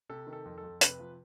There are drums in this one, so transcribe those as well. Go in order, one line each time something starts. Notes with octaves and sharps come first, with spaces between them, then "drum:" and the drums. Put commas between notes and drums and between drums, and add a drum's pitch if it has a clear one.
C3 A4
D#3
A4
F2
A4
F2
C3 B4, drum: hi-hat
F3